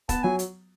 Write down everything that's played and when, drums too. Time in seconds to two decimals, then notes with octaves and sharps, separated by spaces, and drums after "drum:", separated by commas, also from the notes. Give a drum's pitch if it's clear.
0.09 B3 A5, drum: kick, hi-hat
0.23 F#3 G#5
0.39 drum: hi-hat